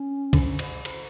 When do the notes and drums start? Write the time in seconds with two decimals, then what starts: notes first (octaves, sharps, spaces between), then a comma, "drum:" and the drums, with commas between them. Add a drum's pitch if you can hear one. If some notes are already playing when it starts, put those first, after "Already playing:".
Already playing: C#4
0.33 D3, drum: kick C2, cymbal
0.59 drum: cymbal
0.85 drum: cymbal